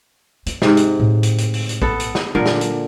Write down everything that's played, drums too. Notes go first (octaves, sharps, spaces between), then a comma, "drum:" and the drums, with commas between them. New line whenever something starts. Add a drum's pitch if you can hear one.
C4, drum: hi-hat
G#2 C3, drum: snare
drum: hi-hat
A2 D3
drum: hi-hat
drum: hi-hat
drum: open hi-hat
drum: hi-hat
B3 A4, drum: kick
drum: hi-hat
drum: snare
A#2 D3 F#3 A#4
drum: snare
drum: hi-hat